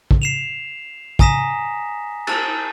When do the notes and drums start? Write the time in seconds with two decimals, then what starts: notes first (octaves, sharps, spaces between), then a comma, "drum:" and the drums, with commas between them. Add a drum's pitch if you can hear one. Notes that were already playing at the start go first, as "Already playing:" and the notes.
0.11 drum: kick
0.22 C7 E7 F7
1.19 G#5 A#5 D#6 A#6 B6 E7, drum: kick
2.27 A5 A6, drum: cymbal